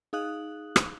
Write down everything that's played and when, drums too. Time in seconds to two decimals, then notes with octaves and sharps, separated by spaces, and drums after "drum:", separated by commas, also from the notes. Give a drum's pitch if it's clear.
0.13 D#4 G#4 F5 D#6 F#6 F#7
0.76 drum: rim click